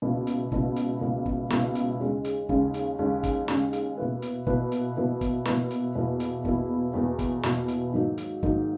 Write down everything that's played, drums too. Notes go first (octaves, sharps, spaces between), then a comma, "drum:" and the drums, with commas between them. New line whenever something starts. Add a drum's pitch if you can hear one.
C#2 B2 A#3 E4
drum: hi-hat
C#2 B2 A#3 E4, drum: kick
drum: hi-hat
C#2 B2 A#3 E4
drum: kick
C#2 B2 A#3 E4, drum: snare
drum: hi-hat
D#2 C#3 G#3 C#4
drum: hi-hat
D#2 C#3 G#3 C#4, drum: kick
drum: hi-hat
D#2 C#3 G#3 C#4
drum: kick, hi-hat
D#2 C#3 G#3 C#4, drum: snare
drum: hi-hat
B2 A#3 E4 B4
drum: hi-hat
B2 A#3 E4 B4, drum: kick
drum: hi-hat
B2 A#3 E4 B4
drum: kick, hi-hat
B2 A#3 E4 B4, drum: snare
drum: hi-hat
E2 B2 A#3 E4
drum: hi-hat
E2 B2 A#3 E4, drum: kick
E2 B2 A#3 E4
drum: kick, hi-hat
E2 B2 A#3 E4, drum: snare
drum: hi-hat
G#2 D#3 F#3 A#3 D#4
drum: hi-hat
G#2 D#3 F#3 A#3 D#4, drum: kick